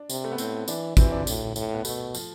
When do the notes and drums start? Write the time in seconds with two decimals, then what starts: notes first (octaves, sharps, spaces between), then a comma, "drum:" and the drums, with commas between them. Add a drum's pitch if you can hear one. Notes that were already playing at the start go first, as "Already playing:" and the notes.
Already playing: D4
0.10 C3, drum: tambourine
0.24 A3
0.32 B3
0.38 A2 C4, drum: tambourine
0.68 E3 D4, drum: tambourine
0.97 E3 C4, drum: kick, tambourine
1.12 D4
1.27 A2, drum: tambourine
1.56 A2, drum: tambourine
1.74 B3
1.85 B2 A3, drum: tambourine
2.15 F3, drum: tambourine